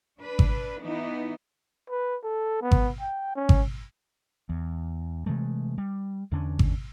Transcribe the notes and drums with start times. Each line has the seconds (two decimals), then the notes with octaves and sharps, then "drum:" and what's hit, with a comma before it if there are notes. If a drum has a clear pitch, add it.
0.19 D4 B4
0.39 drum: kick G#1
0.81 E3 B3 D#4 E4
1.90 B4
2.23 A4
2.62 B3
2.71 drum: kick G#1
3.01 G5
3.36 C#4
3.49 drum: kick G#1
4.49 E2
5.26 C3 E3 G#3 A3
5.78 G3
6.32 E2 D3 C#4 D4
6.59 drum: kick G#1